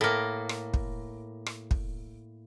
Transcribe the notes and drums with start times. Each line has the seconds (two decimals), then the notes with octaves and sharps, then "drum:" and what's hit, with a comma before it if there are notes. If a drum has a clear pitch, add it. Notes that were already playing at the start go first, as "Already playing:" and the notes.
0.01 A2 A#3
0.49 drum: rim click
0.74 drum: kick
1.46 drum: rim click
1.71 drum: kick